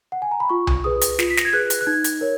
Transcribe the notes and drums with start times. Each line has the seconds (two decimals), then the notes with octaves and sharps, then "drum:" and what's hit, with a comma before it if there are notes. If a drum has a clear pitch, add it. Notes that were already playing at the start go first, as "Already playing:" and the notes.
0.12 F#5
0.22 G#5
0.31 A#5
0.40 B5
0.49 F4 C#6
0.67 drum: tom C2
0.84 G#4 B4 D#6
1.01 drum: hi-hat
1.19 F4, drum: snare
1.30 B6
1.37 A#6, drum: snare
1.45 G#6
1.53 G#4 B4 F#6
1.70 drum: hi-hat
1.81 F#6
1.87 D#4 G#6
2.04 drum: hi-hat
2.21 A#4 C#5